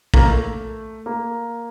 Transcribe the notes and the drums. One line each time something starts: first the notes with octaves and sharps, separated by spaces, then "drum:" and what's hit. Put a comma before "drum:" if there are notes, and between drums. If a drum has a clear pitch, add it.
A#3, drum: kick A#1
A3
A#3